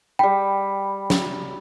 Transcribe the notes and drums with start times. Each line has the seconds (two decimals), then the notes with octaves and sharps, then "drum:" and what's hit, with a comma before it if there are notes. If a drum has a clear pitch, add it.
0.19 G3 G5 B5
1.10 drum: snare